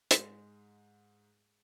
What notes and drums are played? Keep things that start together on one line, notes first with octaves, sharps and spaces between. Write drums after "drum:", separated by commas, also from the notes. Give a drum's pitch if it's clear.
G#2 G#3, drum: hi-hat